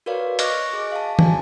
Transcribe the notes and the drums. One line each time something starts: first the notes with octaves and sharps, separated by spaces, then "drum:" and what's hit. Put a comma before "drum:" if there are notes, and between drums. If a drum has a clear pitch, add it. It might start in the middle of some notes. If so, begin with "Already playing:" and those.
F#4 A#4 B4 C#5 D5 F5
D#5 C#6 D6 F6 F#6 A#6, drum: hi-hat
G#4 D6
F5 A5
F#4 G#4 D5 G#5 A5, drum: tom